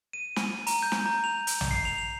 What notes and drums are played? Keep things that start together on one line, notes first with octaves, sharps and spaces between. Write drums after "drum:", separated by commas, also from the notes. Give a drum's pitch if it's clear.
D#7
drum: snare
A#5, drum: hi-hat
G6
drum: snare
A#5
F7
drum: hi-hat
drum: tom A#1
C7
F7
F7